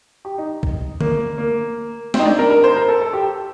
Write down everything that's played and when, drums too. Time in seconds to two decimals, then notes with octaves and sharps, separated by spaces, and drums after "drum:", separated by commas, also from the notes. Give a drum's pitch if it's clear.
0.25 G4
0.38 D#4
0.63 drum: kick B1
1.01 A#3, drum: tom D3
1.38 A#3
2.14 C4, drum: snare
2.19 D#4
2.25 D4
2.39 A#4
2.50 A#4
2.64 C5
2.77 A#4
2.88 A4
3.01 A4
3.13 G4